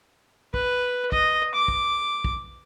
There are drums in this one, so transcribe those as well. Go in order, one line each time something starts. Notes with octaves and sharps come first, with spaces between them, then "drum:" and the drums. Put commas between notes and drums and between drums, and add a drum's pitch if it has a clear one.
B4, drum: kick
D#5, drum: kick
D6
drum: kick
drum: kick